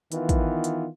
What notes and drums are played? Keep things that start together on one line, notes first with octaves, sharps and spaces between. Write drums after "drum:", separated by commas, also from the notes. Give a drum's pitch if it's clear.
D#3 E3 B3 F4, drum: hi-hat
drum: kick, hi-hat
drum: hi-hat